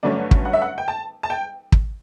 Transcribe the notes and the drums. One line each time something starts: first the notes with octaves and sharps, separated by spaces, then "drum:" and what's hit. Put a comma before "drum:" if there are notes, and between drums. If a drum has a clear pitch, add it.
G2 D3 F#3 A3 C#4 D5
drum: kick
F#5
E5
F#5
G5
A5
A5
G5
drum: kick